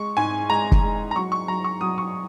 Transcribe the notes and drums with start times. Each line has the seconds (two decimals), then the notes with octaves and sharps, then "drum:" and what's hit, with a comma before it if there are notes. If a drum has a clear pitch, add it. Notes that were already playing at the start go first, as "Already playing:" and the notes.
Already playing: G#3 C#6
0.17 G#2 G#5
0.50 G#3 A#5
0.72 drum: kick
0.83 G#3
1.11 A#5
1.16 F#3 C#6
1.32 C#6
1.48 F#3 A#5
1.64 C#6
1.81 F#3 D#6
1.98 C#6